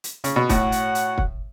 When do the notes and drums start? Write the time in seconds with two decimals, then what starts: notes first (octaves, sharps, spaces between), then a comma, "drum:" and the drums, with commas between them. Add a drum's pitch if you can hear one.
0.04 drum: hi-hat
0.24 C#3, drum: hi-hat
0.36 B2
0.49 A2 F#4 C#5 F#5, drum: kick, hi-hat
0.72 drum: hi-hat
0.95 drum: hi-hat
1.18 drum: kick